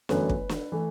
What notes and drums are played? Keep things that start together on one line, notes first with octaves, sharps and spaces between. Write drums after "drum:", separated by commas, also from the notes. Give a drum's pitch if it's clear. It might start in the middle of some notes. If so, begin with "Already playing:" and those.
G1 F#2 E3 A3 B4, drum: snare
drum: kick
drum: snare
E3 A3